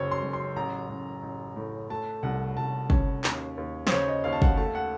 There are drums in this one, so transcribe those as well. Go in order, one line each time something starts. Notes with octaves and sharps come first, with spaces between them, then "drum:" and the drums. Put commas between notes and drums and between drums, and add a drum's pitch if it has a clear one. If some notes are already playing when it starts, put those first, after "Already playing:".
Already playing: F#1 F#2 F#3 C5 C#5
C6
F#2
C6
A1 A#5
A1
A1
A2
A3 A5
C2 F#5
C2 A5
C#4, drum: kick
D#2, drum: clap
D#2
C5, drum: snare
C#3 C#5
D#5
D#2 F5
A5
F#5, drum: kick
A3 A5
F#5